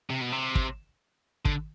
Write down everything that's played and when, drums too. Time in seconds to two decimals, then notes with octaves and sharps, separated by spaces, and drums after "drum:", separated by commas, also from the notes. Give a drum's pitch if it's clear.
0.10 C3
0.21 B2
0.32 C3
0.55 drum: kick
1.45 D3, drum: kick